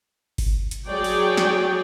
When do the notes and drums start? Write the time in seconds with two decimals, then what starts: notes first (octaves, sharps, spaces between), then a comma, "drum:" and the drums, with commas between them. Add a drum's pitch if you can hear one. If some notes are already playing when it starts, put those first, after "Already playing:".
0.38 drum: kick G1, open hi-hat
0.71 drum: hi-hat
0.88 F#3 G#4 C#5 D5 G5
1.04 drum: open hi-hat
1.37 drum: snare